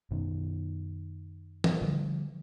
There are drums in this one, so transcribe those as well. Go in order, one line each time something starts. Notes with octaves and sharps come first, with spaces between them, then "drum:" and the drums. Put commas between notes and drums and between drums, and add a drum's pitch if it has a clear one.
F#2 B2 D#3
drum: tom E3
D3 F3 G3